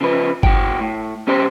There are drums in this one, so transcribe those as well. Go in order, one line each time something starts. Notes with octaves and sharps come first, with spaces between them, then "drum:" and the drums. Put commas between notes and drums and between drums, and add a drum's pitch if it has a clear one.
C#3 F3 B4
A#2 F#4 F#5 G5, drum: kick G1
A2
C2 C#4 G4 C5 G5 C6